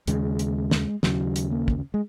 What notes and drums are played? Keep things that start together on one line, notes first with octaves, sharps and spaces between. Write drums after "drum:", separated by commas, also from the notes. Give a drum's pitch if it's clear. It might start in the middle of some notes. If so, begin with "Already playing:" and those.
D#2 C#3 G#3, drum: hi-hat
drum: hi-hat
drum: snare
D#2 C#3 F#3, drum: snare
drum: hi-hat
A#3
drum: kick
G#3